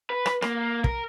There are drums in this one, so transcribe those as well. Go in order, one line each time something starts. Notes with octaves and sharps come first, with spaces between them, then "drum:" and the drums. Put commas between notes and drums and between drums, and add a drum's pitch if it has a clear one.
B4
drum: rim click
A#3, drum: rim click
A#4, drum: kick